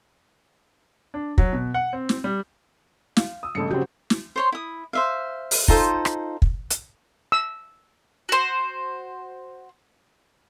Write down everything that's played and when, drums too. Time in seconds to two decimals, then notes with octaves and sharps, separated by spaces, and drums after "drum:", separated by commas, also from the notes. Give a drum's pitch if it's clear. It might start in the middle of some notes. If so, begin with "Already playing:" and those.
1.14 D4
1.38 F#3, drum: kick
1.53 B2
1.74 F#5
1.93 C4
2.09 drum: snare
2.24 G3
3.17 F5, drum: snare
3.43 D#6 E6
3.55 A1 G2 C#3 A4 C#7
3.71 C#3 F#3 G3 C4 F#4 G4 G6
4.10 drum: snare
4.36 C5 C#5 C6
4.52 E4 D#6
4.93 C5 E5 F5
5.51 drum: open hi-hat
5.68 D#4 F4 A4 C5, drum: kick
6.05 drum: rim click
6.42 drum: kick
6.70 drum: hi-hat
7.32 E6
8.29 F#4 C5